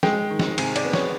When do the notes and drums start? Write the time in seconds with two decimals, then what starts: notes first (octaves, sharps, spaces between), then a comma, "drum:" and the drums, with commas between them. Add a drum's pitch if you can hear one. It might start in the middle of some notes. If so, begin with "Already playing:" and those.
0.03 G#3 G5, drum: snare
0.30 D#3
0.39 drum: snare
0.58 C3 G#5, drum: cymbal
0.76 D5, drum: cymbal
0.85 B3
0.93 C#5, drum: snare